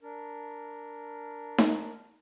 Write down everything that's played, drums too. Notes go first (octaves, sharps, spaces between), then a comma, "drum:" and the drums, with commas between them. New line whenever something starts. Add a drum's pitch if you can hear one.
D4 A#4
drum: snare D#4